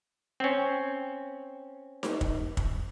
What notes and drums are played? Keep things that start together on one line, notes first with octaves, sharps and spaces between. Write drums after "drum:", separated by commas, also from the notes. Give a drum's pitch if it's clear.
C4 C#4
drum: snare D#4
drum: kick
drum: kick